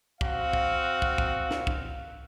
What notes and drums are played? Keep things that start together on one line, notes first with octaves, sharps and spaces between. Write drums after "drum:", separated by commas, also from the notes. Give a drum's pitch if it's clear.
C4 F#4 F5, drum: kick
drum: kick
drum: kick
drum: kick
drum: snare
drum: kick